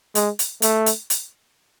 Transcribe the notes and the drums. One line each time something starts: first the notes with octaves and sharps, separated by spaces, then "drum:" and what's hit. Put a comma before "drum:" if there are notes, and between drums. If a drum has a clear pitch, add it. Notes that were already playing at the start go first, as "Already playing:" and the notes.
G#3, drum: hi-hat
drum: hi-hat
A3, drum: hi-hat
drum: hi-hat
drum: hi-hat